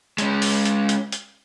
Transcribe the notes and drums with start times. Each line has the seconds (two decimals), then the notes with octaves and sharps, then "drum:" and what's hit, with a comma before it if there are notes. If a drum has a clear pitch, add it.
0.18 G#3 C#4, drum: hi-hat
0.42 drum: open hi-hat
0.65 drum: hi-hat
0.89 drum: hi-hat
1.12 drum: hi-hat